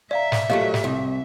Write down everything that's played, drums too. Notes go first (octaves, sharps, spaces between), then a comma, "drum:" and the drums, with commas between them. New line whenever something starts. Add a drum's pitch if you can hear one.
D5 E5 F5 A#5
drum: snare
A#2 F#3 A3 G4 D#5 F5
drum: snare
C2